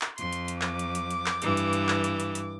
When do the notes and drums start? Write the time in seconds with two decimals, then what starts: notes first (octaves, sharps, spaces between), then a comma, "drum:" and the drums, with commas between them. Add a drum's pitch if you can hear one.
0.01 drum: clap
0.18 F2 C6, drum: hi-hat
0.33 drum: hi-hat
0.48 drum: hi-hat
0.61 D6, drum: clap
0.79 drum: hi-hat
0.95 drum: hi-hat
1.11 drum: hi-hat
1.26 drum: clap
1.42 G2 E3, drum: hi-hat
1.57 drum: hi-hat
1.73 drum: hi-hat
1.88 drum: clap
2.04 drum: hi-hat
2.20 drum: hi-hat
2.35 drum: hi-hat